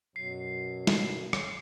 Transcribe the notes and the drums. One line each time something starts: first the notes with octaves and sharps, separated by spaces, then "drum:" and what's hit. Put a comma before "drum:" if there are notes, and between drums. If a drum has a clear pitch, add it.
F#2 B2 F#3 C7
drum: snare
drum: rim click